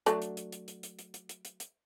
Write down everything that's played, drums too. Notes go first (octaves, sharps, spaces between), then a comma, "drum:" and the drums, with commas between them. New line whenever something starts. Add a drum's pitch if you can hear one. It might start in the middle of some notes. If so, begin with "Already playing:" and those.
F#3 A3 D4, drum: hi-hat
drum: hi-hat
drum: hi-hat
drum: hi-hat
drum: hi-hat
drum: hi-hat
drum: hi-hat
drum: hi-hat
drum: hi-hat
drum: hi-hat
drum: hi-hat